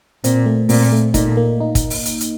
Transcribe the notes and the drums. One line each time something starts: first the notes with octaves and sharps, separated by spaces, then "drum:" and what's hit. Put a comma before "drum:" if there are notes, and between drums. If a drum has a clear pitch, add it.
A#2 C4, drum: hi-hat
A3
A#2 C4, drum: open hi-hat
A3
A#2 D#4, drum: kick, hi-hat
A#3
D#4
drum: kick, hi-hat
drum: open hi-hat
drum: hi-hat
drum: hi-hat